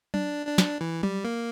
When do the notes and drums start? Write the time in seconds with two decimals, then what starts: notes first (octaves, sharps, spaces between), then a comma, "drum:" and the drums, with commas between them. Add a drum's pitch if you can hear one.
0.14 D4, drum: tom F#3
0.47 D4
0.58 drum: snare
0.81 E3
1.03 G3, drum: tom F#3
1.25 A#3